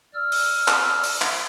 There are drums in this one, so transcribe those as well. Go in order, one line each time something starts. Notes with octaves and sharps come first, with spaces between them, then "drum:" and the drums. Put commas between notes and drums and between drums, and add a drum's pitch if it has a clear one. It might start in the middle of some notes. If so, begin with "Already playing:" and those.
D5 E6 F6
drum: open hi-hat
drum: clap
drum: open hi-hat
drum: clap